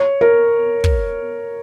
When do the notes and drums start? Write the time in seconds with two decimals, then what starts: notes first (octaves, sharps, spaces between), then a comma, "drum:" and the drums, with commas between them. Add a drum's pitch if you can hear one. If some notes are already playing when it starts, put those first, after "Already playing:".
Already playing: C#5
0.21 A#4
0.84 drum: kick